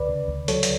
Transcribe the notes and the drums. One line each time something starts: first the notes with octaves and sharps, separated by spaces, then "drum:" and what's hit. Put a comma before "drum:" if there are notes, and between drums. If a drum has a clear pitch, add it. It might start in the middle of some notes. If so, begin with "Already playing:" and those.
Already playing: D2 B4 D5
C#3
D2
F#3 A4 C#5, drum: hi-hat
drum: hi-hat